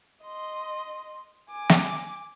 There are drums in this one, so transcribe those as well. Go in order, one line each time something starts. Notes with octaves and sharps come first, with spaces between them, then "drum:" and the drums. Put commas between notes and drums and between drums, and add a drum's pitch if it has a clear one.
D#5 C6
G#5 D6
drum: snare